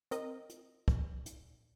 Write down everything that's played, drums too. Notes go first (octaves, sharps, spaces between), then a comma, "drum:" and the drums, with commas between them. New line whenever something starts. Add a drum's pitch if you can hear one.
C4 A#4 D#5, drum: hi-hat
drum: hi-hat
drum: kick
drum: hi-hat